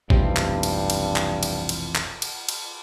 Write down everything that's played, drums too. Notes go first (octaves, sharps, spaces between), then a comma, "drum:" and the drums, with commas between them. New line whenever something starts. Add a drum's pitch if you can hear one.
F1 B1 G2 C3 E3 F3 C4, drum: kick
drum: clap
drum: cymbal
drum: cymbal
drum: clap
drum: cymbal
drum: cymbal
drum: clap
drum: cymbal
drum: cymbal